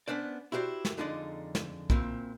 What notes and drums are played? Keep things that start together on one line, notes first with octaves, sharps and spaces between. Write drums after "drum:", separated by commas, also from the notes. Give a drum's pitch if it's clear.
B3 C#4 D4 C5 D5
E4 F#4 G4 B4 C5 D5
drum: snare
F2 D3 G#3 D#4 G4 D5
drum: snare
A#2 C4 E4, drum: kick B1